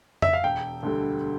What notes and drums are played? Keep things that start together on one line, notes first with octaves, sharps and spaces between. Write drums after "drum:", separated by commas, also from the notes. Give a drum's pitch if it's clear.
E5, drum: tom F2
F5
E1 G5
D2 D3 G3